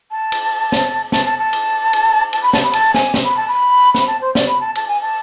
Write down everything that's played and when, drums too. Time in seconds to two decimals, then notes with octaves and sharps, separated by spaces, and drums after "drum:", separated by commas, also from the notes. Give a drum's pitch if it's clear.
0.11 A5
0.32 drum: cymbal
0.72 drum: snare
1.12 A5, drum: snare
1.26 A5
1.39 A5
1.53 drum: cymbal
1.93 drum: cymbal
2.33 A5, drum: cymbal
2.43 B5
2.53 A5, drum: snare
2.64 B5
2.73 A5, drum: cymbal
2.94 G#5, drum: snare
3.14 drum: snare
3.25 B5
3.37 A5
3.48 B5
3.94 B5, drum: snare
4.07 A5
4.21 C5
4.35 D5, drum: snare
4.48 B5
4.61 A5
4.75 A5, drum: cymbal
4.88 G#5
5.02 A5